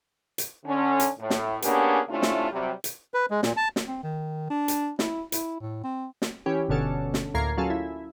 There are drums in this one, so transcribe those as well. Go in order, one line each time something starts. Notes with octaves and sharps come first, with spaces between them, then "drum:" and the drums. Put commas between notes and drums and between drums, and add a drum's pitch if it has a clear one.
drum: hi-hat
D3 C#4
drum: hi-hat
A2
drum: snare
A#3 B3 C#4 D4 G4 G#4, drum: hi-hat
C3 A3 C#4 D4 E4 F4
drum: snare
C3 F#3 G3
drum: hi-hat
B4
G#3
A#2, drum: snare
A5
drum: snare
C4
D#3
D4
drum: hi-hat
E4, drum: snare
E4, drum: hi-hat
A2
C4
drum: snare
E3 C#4 G4
G1 B2 D3 C#4 A4
drum: snare
D2 A2 A#3 A#5 G#6 C7
F#3 C#4 F4 G#4 A4
E4